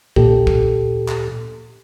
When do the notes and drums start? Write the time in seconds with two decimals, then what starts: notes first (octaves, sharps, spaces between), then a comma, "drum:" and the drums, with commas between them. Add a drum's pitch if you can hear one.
0.16 D2 A#2 G4 A4, drum: kick
0.47 drum: kick
1.08 drum: clap